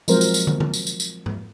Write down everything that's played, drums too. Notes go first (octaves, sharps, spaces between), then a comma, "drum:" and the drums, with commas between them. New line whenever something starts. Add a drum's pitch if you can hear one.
F3 F#3 G#3 C4 A#4 C5, drum: tambourine
drum: tambourine
drum: tambourine
drum: tom
drum: tom
drum: tambourine
drum: tambourine
drum: tambourine
drum: tom G#2